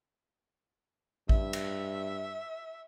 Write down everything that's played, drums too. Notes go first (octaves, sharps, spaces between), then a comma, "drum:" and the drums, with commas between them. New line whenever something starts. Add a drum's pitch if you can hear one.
G2 E5, drum: kick A1
drum: cymbal